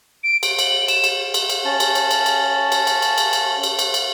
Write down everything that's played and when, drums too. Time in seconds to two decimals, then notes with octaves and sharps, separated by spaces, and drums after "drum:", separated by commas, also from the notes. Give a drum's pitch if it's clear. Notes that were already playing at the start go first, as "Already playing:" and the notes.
0.24 D7
0.43 D7, drum: cymbal
0.59 F#7, drum: cymbal
0.88 E7, drum: cymbal
1.04 drum: cymbal
1.34 drum: cymbal
1.50 drum: cymbal
1.65 C#4 A5
1.80 drum: cymbal
1.95 drum: cymbal
2.11 drum: cymbal
2.26 drum: cymbal
2.72 drum: cymbal
2.87 drum: cymbal
3.02 drum: cymbal
3.18 drum: cymbal
3.33 drum: cymbal
3.63 drum: cymbal
3.79 drum: cymbal
3.94 drum: cymbal